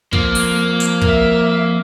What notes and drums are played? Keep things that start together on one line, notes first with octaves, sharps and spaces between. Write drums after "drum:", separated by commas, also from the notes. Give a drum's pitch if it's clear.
F3 A#3 C4, drum: kick
drum: open hi-hat
drum: hi-hat
A#4 E5, drum: kick